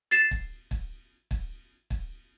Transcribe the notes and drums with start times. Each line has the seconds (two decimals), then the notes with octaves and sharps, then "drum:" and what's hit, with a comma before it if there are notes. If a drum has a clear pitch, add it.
0.11 A6 C7 E7
0.31 drum: kick
0.71 drum: kick
1.31 drum: kick
1.90 drum: kick